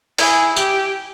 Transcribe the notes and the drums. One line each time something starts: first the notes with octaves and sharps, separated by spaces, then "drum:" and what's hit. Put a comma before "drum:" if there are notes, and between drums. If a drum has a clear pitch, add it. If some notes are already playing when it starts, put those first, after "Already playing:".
E4 G#4, drum: open hi-hat
G4, drum: tambourine